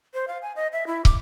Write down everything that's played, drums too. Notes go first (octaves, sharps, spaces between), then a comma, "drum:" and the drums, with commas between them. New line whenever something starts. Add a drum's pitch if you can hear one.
C5
F5
G#5
D#5
E5
E4
D6, drum: kick